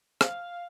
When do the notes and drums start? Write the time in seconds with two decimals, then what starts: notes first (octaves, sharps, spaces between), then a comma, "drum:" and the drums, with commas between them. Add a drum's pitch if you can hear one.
0.21 F5, drum: rim click